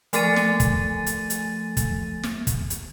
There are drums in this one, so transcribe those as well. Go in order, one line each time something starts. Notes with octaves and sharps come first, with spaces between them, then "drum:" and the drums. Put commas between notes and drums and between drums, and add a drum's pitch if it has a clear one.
F3 A3 A4 G#5 A6 D#7, drum: hi-hat
drum: snare
drum: kick, hi-hat
drum: hi-hat
drum: hi-hat
drum: kick, hi-hat
drum: snare
drum: kick, hi-hat
drum: hi-hat